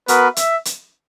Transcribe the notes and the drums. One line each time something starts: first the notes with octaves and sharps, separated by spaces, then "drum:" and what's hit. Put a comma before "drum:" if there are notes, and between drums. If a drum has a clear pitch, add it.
B3 F#4 A#4 B4, drum: hi-hat
E5, drum: hi-hat
drum: hi-hat